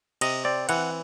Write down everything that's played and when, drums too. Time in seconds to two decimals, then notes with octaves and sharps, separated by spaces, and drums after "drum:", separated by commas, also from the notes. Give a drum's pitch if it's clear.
0.21 C3 D#5, drum: cymbal
0.45 C4 D5
0.69 E3 F#5, drum: cymbal